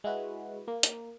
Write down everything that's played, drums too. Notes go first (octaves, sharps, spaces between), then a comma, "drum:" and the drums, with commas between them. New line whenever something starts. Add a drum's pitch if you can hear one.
G#3 E4 F#4 B4
A#3
drum: hi-hat